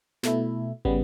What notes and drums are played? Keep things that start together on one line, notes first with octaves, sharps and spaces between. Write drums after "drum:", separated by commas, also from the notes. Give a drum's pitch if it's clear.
B2 A3 E4, drum: snare
C#3 G3 B3, drum: kick